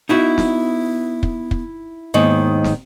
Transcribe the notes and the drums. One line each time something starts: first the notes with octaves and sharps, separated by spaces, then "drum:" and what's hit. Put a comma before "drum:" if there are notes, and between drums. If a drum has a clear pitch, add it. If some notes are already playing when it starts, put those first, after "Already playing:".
B3 D#4 E4 F#4
drum: snare
drum: kick
drum: kick
D#2 G#2 D#3 B3
drum: snare